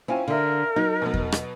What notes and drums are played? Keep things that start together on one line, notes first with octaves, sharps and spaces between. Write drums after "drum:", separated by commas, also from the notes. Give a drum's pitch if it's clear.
C4 C#4 E4 F4 G#5
D3 A#4 E5 F5
F#3 D#4
B2 F#3 B3
drum: kick E2
drum: rim click